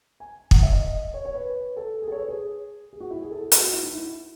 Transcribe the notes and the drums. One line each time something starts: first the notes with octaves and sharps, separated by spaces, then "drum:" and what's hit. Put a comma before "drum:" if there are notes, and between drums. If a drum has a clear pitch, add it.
G#5
F#5, drum: kick
E5
D#5
C#5
C#5
B4
B4
A4
G#4
A4
C#5
B4
G#4
G#4
F#4
E4
G#4
A4
G#4
F#4, drum: hi-hat
F#4
E4
D#4
E4